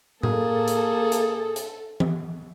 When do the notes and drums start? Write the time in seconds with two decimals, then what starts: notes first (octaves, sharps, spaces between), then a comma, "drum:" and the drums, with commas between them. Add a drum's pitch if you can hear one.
0.23 A#3 G#4 A4, drum: tom A2
0.68 drum: hi-hat
1.12 drum: hi-hat
1.56 drum: hi-hat
2.00 drum: tom E3